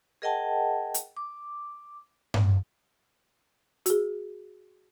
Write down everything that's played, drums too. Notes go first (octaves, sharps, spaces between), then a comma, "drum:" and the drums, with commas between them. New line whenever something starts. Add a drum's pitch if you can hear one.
G#4 A#4 D#5 F#5 G5 A5
drum: hi-hat
D6
drum: tom G2
F#4 G#4, drum: hi-hat